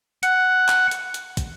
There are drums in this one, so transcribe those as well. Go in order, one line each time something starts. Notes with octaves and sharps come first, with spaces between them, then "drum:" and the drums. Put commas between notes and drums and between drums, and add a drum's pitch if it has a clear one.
F#5, drum: hi-hat
drum: clap
drum: hi-hat
drum: hi-hat
drum: kick, hi-hat